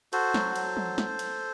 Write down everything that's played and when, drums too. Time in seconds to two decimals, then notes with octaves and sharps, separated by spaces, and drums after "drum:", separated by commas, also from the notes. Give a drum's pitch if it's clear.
0.13 F#4 A4 C5, drum: cymbal
0.34 F#3, drum: snare
0.56 F#3, drum: cymbal
0.77 drum: tom
0.98 drum: snare
1.19 drum: cymbal